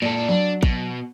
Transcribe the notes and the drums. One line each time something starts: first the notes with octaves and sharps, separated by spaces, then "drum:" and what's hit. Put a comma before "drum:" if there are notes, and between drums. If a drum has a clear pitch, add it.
A#2 A4 D5
F#3 D4
B2, drum: kick